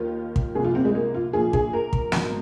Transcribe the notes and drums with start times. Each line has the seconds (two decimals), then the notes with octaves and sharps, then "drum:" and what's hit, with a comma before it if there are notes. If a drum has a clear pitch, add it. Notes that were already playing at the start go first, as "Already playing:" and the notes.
Already playing: D#2 D#3 F4
0.36 drum: kick
0.55 C2 A#2 F3 G#4
0.65 F4
0.75 C4
0.85 G#3
0.95 A#3
1.14 F4
1.33 A#1 A#2 F3 G#4
1.53 G#4, drum: kick
1.73 A#4
1.93 drum: kick
2.12 G#1 G#2 D#3, drum: snare